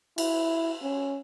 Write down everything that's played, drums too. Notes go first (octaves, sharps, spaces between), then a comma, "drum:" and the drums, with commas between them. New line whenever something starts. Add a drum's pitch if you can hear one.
E4, drum: cymbal
C#4